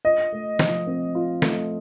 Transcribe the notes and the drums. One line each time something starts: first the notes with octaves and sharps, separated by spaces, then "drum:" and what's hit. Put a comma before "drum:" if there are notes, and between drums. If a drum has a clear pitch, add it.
F4 D#5
A3
F3, drum: snare
C4
F4
A3, drum: snare